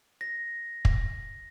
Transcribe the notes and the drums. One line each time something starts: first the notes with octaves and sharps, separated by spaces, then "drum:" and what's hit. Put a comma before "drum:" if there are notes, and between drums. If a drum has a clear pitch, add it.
A#6
drum: kick